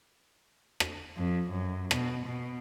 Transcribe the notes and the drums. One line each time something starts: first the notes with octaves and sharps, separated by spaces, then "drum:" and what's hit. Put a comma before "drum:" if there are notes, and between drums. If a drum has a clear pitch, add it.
drum: rim click
F2
F#2
B2, drum: rim click
B2